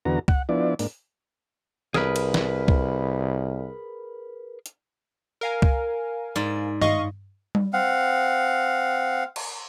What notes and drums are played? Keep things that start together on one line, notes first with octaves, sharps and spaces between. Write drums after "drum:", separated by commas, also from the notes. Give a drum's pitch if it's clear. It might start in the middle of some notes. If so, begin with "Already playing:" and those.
E2 D3 B3 F#4 A#5
F#5, drum: kick C2
F3 B3 D4 E4 D5
G#2 A#3 D4, drum: open hi-hat
C2 G#4 A#4 B4, drum: snare
drum: cymbal
drum: snare
drum: kick C2
drum: hi-hat
A#4 F5 G#5
drum: kick C2
G#2 D5
D#5 F5 C#6, drum: tom G2
drum: tom G3
C4 F5 F#5
drum: cymbal